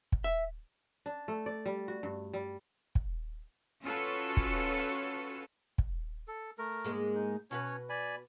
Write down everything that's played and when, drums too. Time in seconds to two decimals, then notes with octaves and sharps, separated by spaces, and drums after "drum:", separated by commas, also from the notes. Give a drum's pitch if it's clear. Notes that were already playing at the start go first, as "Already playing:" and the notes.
0.12 drum: kick
0.24 E5
1.06 D4
1.28 A3
1.46 D5
1.66 G3
1.88 F#4
2.03 G2
2.33 G3
2.95 drum: kick
3.83 C#4 F4 F#4 A4 B4 C#5
4.37 drum: kick
5.78 drum: kick
6.28 A4
6.58 A3 A#4
6.84 G#2 G#3 A#3
7.15 D#4
7.51 B2 C#4 F#4 B4 C#5
7.89 D5 G#5 B5